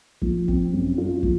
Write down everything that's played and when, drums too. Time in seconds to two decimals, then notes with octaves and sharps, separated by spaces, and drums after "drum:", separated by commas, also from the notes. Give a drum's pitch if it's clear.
0.22 F3, drum: kick
0.48 C4, drum: kick
0.73 F#2
0.98 F4
1.23 F3, drum: kick